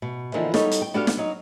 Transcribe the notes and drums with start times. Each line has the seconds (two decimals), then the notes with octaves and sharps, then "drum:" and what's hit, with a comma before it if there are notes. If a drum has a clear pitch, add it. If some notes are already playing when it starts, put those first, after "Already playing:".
0.02 B2
0.34 D3 E3 F3 A#3 B3 D#4
0.54 G3 B3 D#4 A4 C#5, drum: snare
0.71 drum: hi-hat
0.82 G5
0.94 B3 D4 F#4 G4 A4 F5
1.07 drum: snare
1.17 F#3 D#4